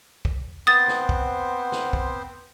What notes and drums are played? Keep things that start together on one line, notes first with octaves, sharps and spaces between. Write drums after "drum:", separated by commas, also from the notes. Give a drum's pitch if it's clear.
drum: kick
B3 C4 C5 F#5 D#6 A6
drum: snare
drum: kick
drum: snare
drum: kick